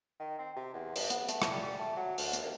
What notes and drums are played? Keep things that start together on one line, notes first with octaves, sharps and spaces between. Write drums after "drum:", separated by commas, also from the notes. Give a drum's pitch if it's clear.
D#3
C4
C3
E2
G2, drum: open hi-hat
B3, drum: hi-hat
A3, drum: hi-hat
drum: rim click
G3
A3
F#3
D2, drum: open hi-hat
drum: hi-hat
D#2